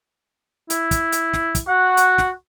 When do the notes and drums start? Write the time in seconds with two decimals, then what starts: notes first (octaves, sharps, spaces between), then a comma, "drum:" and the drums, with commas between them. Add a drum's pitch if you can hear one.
0.70 E4, drum: hi-hat
0.91 drum: kick, hi-hat
1.12 drum: hi-hat
1.33 drum: snare
1.55 drum: kick, hi-hat
1.68 F#4 F#5
1.97 drum: hi-hat
2.18 drum: snare